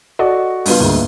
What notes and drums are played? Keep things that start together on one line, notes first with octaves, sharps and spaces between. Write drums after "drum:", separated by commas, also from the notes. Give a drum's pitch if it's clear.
F#4 A4 D5 D#5
G2 B3 F4, drum: open hi-hat
D2 G#2 A#3